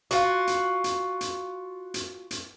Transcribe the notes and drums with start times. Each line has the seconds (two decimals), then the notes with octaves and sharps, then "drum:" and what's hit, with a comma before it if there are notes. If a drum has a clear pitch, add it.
0.11 F4 F#4, drum: hi-hat
0.47 drum: hi-hat
0.84 drum: hi-hat
1.21 drum: hi-hat
1.94 drum: hi-hat
2.31 drum: hi-hat